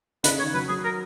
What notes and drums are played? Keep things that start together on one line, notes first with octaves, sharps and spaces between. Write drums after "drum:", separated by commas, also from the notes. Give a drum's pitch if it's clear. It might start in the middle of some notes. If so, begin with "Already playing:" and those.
C#3 B4, drum: hi-hat
D#3 C#5
F#3 B4
F#3 G#4
A#4